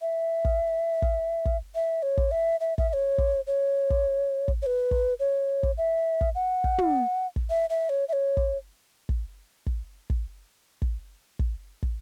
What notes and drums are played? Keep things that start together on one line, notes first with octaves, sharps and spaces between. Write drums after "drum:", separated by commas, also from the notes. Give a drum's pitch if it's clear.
E5
drum: kick
drum: kick
drum: kick
E5
C#5
drum: kick
E5
E5
E5, drum: kick
E5
C#5
drum: kick
C#5
drum: kick
drum: kick
C#5
B4
drum: kick
C#5
drum: kick
E5
drum: kick
F#5
drum: kick
drum: tom
drum: kick
E5
E5
C#5
E5
C#5
drum: kick
drum: kick
drum: kick
drum: kick
drum: kick
drum: kick
drum: kick